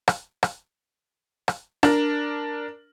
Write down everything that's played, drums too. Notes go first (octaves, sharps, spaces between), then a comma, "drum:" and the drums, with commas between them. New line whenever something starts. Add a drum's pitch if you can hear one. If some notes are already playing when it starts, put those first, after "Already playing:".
drum: rim click
drum: rim click
drum: rim click
D4 A#4, drum: rim click